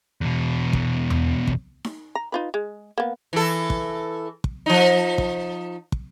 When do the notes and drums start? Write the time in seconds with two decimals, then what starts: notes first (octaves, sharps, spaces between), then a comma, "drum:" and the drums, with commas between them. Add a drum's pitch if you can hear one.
0.21 E2 B2
0.73 drum: kick
1.10 drum: tom E2
1.47 drum: kick
1.84 drum: snare D#4
2.15 A#5
2.32 D#4 F4 B4
2.54 G#3
2.98 A#3 B3
3.33 E3 A4
3.70 drum: kick
4.44 drum: kick
4.66 F3 D#4
5.18 drum: kick
5.92 drum: kick